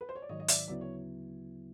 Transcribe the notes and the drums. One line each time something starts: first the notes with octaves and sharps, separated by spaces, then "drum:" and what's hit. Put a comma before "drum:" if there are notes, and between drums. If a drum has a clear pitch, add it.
B4
C5
C#5
D5
G#2 D#3 F#3 C#5 D#5
D#5
D5 E5, drum: hi-hat
D2 C#3 F#3 B3 E4 D5
C#5